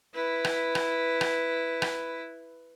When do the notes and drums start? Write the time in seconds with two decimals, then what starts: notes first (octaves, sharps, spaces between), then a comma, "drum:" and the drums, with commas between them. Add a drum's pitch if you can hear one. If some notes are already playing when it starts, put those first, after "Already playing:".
0.14 E4 B4
0.45 drum: rim click
0.75 drum: rim click
1.21 drum: rim click
1.82 drum: rim click